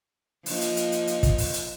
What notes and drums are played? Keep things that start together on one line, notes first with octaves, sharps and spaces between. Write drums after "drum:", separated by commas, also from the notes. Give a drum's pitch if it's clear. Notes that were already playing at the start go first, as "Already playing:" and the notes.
F3 A#3 D#4, drum: open hi-hat
drum: hi-hat
drum: hi-hat
drum: hi-hat
drum: hi-hat
drum: kick, hi-hat
drum: open hi-hat
drum: hi-hat